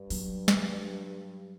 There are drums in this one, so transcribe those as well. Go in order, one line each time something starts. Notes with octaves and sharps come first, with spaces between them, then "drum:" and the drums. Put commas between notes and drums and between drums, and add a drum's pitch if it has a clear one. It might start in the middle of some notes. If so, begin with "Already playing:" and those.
Already playing: G2
F#3, drum: open hi-hat
drum: snare